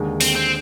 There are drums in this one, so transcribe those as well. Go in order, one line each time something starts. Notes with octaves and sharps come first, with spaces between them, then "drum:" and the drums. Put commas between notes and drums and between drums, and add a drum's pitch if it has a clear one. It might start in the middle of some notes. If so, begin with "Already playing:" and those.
Already playing: D#2 D3 G#3
C4, drum: open hi-hat
C4